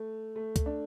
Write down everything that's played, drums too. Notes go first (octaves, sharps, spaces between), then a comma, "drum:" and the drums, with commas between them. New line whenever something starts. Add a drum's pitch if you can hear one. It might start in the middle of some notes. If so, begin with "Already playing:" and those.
Already playing: A3
A3
drum: kick C#2, hi-hat
D4